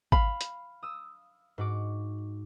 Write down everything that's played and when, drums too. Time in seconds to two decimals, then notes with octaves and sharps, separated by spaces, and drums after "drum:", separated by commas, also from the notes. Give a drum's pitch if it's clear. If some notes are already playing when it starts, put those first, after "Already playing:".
0.12 F5 B5, drum: kick
0.41 drum: hi-hat
0.83 D#6 E6
1.58 G#2 F#4 D6